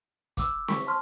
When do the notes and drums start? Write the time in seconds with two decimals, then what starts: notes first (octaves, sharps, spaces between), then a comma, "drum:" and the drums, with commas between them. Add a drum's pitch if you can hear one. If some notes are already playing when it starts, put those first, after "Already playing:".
0.37 D6 E6, drum: kick, hi-hat
0.68 C#6 B6, drum: snare C4
0.87 A5 C6 F6